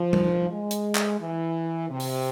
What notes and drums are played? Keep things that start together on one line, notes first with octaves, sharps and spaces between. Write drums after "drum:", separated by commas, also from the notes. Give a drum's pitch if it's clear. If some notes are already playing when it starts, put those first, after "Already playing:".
Already playing: F3
drum: tom G3
G#3
drum: hi-hat
drum: clap
E3
C3
drum: open hi-hat